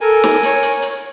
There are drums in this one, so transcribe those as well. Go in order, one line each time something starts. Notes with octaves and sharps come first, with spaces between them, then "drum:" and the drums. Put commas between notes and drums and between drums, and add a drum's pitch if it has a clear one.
A4 A#4 G#5
drum: snare
C#5, drum: hi-hat
drum: hi-hat
drum: hi-hat